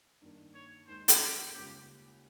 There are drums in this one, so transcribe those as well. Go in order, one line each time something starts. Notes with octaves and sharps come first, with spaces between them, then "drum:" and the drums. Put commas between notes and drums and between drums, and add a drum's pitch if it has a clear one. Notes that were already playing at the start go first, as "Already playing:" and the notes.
G2 D#3 A#3
C#5
D#2 D#3 G#3 C5
drum: hi-hat
G4
C#2 C#3 G3 A#3 C#4 G4